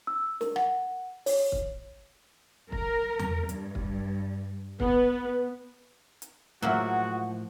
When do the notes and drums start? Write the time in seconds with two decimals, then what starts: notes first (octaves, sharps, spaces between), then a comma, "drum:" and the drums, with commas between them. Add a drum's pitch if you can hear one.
0.07 E6
0.41 A#4, drum: snare
0.56 F#5, drum: rim click
1.26 C#5, drum: open hi-hat
1.52 drum: kick
2.72 A#4, drum: kick
3.19 drum: tom E2
3.49 G2, drum: hi-hat
3.75 drum: kick
4.80 B3, drum: kick
6.22 drum: hi-hat
6.62 A2 F3 F#3 G#3 A#3 E4 F#4 F#5